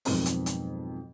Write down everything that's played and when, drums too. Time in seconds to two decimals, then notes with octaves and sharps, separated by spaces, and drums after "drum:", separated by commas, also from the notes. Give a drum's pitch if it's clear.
0.05 F2 G#2 B2 D#3 F#3 C4, drum: open hi-hat
0.26 drum: hi-hat
0.46 drum: hi-hat